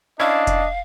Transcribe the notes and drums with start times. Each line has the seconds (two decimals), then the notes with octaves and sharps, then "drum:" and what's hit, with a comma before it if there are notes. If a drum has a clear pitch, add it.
0.20 C#4 D4 E4 D#5 F5
0.47 drum: kick F1, hi-hat